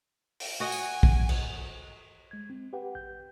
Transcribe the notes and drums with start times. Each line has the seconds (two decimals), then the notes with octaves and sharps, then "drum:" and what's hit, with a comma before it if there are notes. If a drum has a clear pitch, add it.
0.40 drum: open hi-hat
0.60 F#4 D#5 G#5
0.72 drum: tambourine
1.03 drum: kick
1.29 drum: cymbal
2.31 G#3 G#6
2.50 C4
2.73 G4 B4 F#5 G5
2.95 A1 G6